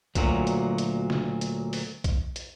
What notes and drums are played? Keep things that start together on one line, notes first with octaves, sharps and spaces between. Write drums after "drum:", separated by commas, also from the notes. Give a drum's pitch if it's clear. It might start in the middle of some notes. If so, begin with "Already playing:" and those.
D2 A#2 F#3, drum: kick, hi-hat
drum: hi-hat
drum: hi-hat
drum: snare
drum: hi-hat
drum: open hi-hat
drum: kick, hi-hat
drum: hi-hat